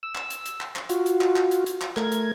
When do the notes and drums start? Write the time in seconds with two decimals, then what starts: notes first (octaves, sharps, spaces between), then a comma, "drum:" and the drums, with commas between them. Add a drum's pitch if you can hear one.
0.03 E6
0.15 drum: clap
0.30 drum: hi-hat
0.45 drum: hi-hat
0.61 drum: clap
0.76 drum: clap
0.89 F4 F#4, drum: hi-hat
1.06 drum: hi-hat
1.21 drum: clap
1.36 drum: clap
1.51 drum: hi-hat
1.66 drum: hi-hat
1.81 drum: clap
1.97 A3 A#4 G#6, drum: clap
2.12 drum: hi-hat